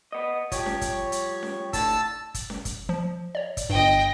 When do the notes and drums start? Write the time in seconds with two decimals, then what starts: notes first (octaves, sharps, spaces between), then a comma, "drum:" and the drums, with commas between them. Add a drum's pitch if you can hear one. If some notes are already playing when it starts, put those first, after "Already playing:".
0.12 B3 D#5
0.52 F3 G3 G4 C#5, drum: kick, hi-hat
0.66 drum: snare C#4
0.81 drum: kick, hi-hat
1.12 drum: hi-hat
1.43 drum: snare C#4
1.73 A2 D3 A5 E6, drum: kick, hi-hat
2.34 drum: kick, hi-hat
2.50 drum: snare C#4
2.65 drum: kick, hi-hat
2.89 F3
3.35 C#5 D5
3.57 drum: kick, hi-hat
3.69 G1 G2 D#5 G5